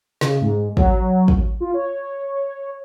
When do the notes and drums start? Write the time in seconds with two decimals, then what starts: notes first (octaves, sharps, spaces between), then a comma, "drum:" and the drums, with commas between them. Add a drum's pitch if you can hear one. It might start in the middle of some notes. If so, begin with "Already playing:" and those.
0.21 C#3, drum: snare
0.41 G#2
0.77 F#3, drum: kick
1.28 drum: kick
1.60 F4
1.74 C#5